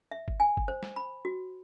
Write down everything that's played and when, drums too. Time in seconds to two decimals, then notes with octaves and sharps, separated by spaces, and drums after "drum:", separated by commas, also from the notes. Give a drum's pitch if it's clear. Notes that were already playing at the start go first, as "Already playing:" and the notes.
0.11 E5
0.28 drum: kick
0.40 G#5
0.57 drum: kick
0.68 C5
0.83 drum: snare
0.96 B5
1.25 F#4